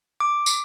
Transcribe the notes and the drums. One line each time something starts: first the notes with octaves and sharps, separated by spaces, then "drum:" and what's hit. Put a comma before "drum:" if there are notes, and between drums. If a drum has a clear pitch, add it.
D6
drum: tambourine